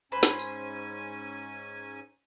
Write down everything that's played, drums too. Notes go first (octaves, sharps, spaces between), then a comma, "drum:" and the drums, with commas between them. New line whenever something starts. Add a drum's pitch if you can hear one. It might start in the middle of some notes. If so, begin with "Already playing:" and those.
G#2 C#4 B4 C5 G#5 C6
drum: snare
drum: tambourine